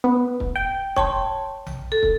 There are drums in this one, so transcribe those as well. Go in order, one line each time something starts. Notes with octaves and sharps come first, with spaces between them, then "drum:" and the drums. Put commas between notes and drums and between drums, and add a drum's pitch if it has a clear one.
B3
drum: kick
G5
C#5 G5 A5 C6, drum: kick
drum: tom A#1
A4
drum: kick